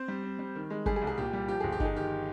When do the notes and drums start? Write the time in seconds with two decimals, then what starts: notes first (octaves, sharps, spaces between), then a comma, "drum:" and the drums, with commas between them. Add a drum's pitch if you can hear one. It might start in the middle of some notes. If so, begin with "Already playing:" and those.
Already playing: C4 C5
0.08 G3
0.23 C4
0.39 G3
0.55 D#3
0.70 G#3
0.86 G3 G#4, drum: kick G1
0.96 G#4
1.02 C2
1.07 G#4
1.18 A#2 G4
1.33 G3
1.48 F3 G4
1.60 G1 G#4
1.72 G4
1.80 D#4, drum: kick G1
1.85 G#4
1.95 D#3 G4